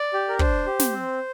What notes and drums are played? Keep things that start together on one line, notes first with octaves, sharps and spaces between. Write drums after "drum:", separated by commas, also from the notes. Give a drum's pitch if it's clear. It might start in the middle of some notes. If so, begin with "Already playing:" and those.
Already playing: D5
G4
A#4
D4 C5, drum: kick
G4
drum: snare
C4